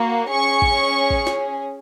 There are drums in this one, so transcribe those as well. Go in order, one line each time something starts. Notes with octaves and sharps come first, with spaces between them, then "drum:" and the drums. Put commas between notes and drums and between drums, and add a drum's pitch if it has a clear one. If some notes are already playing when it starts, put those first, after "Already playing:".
Already playing: A#3 F#4
C#4 G#4 C#6
drum: kick A1
drum: kick A1
drum: snare